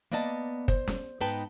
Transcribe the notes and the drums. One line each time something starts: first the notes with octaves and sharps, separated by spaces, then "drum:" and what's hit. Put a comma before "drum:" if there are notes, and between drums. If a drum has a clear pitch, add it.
A#3 B3 D5 D#5 G5 A5
C5, drum: kick
drum: snare
G#2 B3 D#4 B4 G5 A5